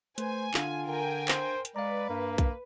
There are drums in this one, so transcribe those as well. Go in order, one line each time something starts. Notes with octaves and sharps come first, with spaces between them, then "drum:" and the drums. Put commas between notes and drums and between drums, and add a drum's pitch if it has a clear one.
A3 B4 C5 G#5, drum: hi-hat
D3 D4 F4 F5, drum: clap
D3 A#4 G5 G#5
C5, drum: clap
drum: hi-hat
G#3 B4 D5 F5 A#5
G2 A#3
drum: kick B1, hi-hat